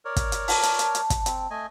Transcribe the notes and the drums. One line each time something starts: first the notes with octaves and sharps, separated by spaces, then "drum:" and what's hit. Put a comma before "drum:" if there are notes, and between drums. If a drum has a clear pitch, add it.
A#4 C#5 D5
drum: kick, hi-hat
drum: hi-hat
A5, drum: open hi-hat
drum: hi-hat
drum: hi-hat
drum: hi-hat
drum: kick, hi-hat
C4, drum: hi-hat
A3 D#5 G#5